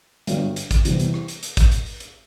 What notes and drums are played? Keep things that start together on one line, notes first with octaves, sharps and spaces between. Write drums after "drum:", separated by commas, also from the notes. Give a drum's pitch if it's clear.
G1 G2 F#3, drum: hi-hat
drum: hi-hat
drum: kick, hi-hat
E2 C3 E3 G3 C4, drum: hi-hat
drum: hi-hat
drum: rim click
drum: hi-hat
drum: hi-hat
drum: kick, hi-hat
drum: hi-hat
drum: open hi-hat
drum: hi-hat